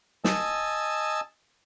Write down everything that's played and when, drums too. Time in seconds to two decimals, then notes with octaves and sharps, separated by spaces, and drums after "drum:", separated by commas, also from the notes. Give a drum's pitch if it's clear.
0.24 D#5 G#5 A5 E6, drum: snare